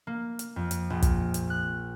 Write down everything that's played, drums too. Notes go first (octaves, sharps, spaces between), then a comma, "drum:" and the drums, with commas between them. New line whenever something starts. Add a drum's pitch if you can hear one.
A#3
drum: hi-hat
F2
drum: hi-hat
A#1
drum: kick, hi-hat
drum: hi-hat
F#6